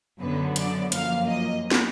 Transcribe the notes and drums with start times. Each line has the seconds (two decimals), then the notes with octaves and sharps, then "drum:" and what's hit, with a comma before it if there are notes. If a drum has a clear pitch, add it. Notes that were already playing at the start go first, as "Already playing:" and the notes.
0.19 F#2 D3 F#3 B3 B4
0.56 D5, drum: hi-hat
0.92 F#2 F3 A#3 F5, drum: hi-hat
1.27 D#5
1.71 drum: snare